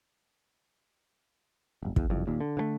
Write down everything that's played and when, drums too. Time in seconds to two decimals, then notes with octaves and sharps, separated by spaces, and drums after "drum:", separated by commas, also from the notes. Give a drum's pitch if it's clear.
1.83 D1 G1
1.96 E2, drum: kick
2.10 F#1 C2 F2
2.27 D#2 A#2
2.41 D3
2.57 D3 E3 A3